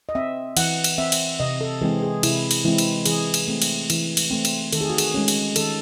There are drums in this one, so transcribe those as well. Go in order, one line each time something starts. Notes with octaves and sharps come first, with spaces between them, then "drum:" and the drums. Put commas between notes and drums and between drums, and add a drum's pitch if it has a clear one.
D#5
C4 E5
E3 F#5, drum: cymbal
drum: cymbal
C4 E5
drum: cymbal
C3 D#5
A4
E3 G#3 C4 G#4
G#4
C3 E4, drum: cymbal
drum: cymbal
E3 G#3 C4 E4
drum: cymbal
E3 G#4, drum: cymbal
drum: cymbal
A3 C4
drum: cymbal
E3, drum: cymbal
drum: cymbal
A3 C4
drum: cymbal
D#3 A4, drum: cymbal
G#4
F#4
G#4, drum: cymbal
G#3 C#4
drum: cymbal
D#3 A4, drum: cymbal